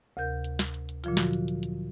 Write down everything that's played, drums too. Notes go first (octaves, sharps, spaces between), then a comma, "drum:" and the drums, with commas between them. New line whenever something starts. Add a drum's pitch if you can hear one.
D2 C3 A#4 G6
drum: hi-hat
drum: snare
drum: hi-hat
drum: hi-hat
A#2 D3 F3 F#3 F4, drum: hi-hat
F#4, drum: snare
drum: hi-hat
drum: hi-hat
drum: hi-hat